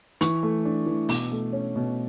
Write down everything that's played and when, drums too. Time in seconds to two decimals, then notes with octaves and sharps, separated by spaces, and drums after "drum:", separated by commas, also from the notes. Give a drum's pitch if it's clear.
0.21 E3 C#6, drum: hi-hat
0.43 A3
0.65 D4
0.86 E3
1.09 B2 D6, drum: open hi-hat
1.32 A3
1.53 C#4
1.76 B2